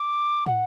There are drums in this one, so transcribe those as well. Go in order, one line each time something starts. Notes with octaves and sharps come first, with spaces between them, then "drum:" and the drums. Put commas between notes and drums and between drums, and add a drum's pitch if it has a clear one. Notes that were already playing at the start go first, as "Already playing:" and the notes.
Already playing: D6
F#5, drum: tom